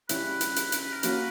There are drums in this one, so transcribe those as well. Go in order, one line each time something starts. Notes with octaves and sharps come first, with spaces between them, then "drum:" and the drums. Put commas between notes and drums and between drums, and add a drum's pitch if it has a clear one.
C#3 G3 C#4 E4 B4, drum: hi-hat
drum: hi-hat
drum: hi-hat
drum: hi-hat
A#4
F#3 A#3 C#4 F#4 B4, drum: hi-hat